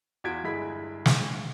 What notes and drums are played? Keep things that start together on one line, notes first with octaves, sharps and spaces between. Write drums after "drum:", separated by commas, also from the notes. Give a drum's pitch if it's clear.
E2 F4 F#4 G#6 B6 D7
G1 G#3 E4 G#4 B5 B6
drum: snare